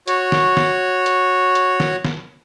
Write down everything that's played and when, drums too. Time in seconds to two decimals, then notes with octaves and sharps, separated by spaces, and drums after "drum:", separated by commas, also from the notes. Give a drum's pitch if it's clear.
0.08 F#4 C#5, drum: hi-hat
0.32 drum: snare
0.57 drum: snare
1.06 drum: hi-hat
1.55 drum: hi-hat
1.80 drum: snare
2.05 drum: snare